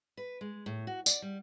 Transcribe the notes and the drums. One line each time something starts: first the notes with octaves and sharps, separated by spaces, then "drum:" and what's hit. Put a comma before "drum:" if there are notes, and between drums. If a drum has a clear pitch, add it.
B4
G#3
A2
F#4
D5, drum: tambourine
G3